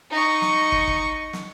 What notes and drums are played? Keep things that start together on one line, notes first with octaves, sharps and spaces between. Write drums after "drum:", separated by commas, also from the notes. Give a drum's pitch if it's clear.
D#4 C#6
drum: snare
drum: kick
drum: kick
drum: snare